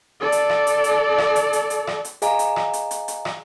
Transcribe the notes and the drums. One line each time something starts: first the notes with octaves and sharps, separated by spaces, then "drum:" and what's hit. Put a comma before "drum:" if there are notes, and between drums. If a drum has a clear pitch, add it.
A4 D5
drum: hi-hat
drum: rim click
drum: hi-hat
drum: hi-hat
drum: rim click
drum: hi-hat
drum: hi-hat
drum: hi-hat
drum: rim click
drum: hi-hat
G#4 D#5 F5 G#5 A#5, drum: hi-hat
drum: hi-hat
drum: rim click
drum: hi-hat
drum: hi-hat
drum: hi-hat
drum: rim click